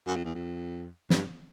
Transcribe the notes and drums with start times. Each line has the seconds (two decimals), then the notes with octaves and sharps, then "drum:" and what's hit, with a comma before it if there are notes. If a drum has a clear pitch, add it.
0.07 F#2
0.16 F2
0.25 E2
0.35 F2
1.10 G2, drum: snare